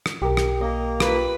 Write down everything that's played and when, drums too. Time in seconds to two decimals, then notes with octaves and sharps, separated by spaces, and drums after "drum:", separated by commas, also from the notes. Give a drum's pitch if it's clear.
0.06 drum: rim click
0.22 B1 G4 A#4
0.37 drum: rim click
0.61 A#3 D#5 A#5
1.00 F4 B4 B5, drum: rim click